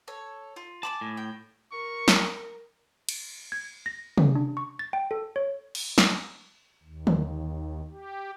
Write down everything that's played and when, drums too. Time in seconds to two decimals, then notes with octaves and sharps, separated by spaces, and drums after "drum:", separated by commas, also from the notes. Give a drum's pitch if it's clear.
0.08 A4 C#5
0.56 F4
0.83 G#5 A5 B5 D6
1.01 A2
1.17 G5
1.72 A#4 C#6
2.08 drum: snare
3.09 drum: cymbal
3.52 G#6
3.86 A#6
4.18 C#4, drum: tom
4.35 D4
4.57 C#6
4.79 A6
4.93 G5
5.11 A4
5.36 C#5
5.75 drum: cymbal
5.98 drum: snare
6.83 D#2
7.07 drum: tom D3
7.91 G4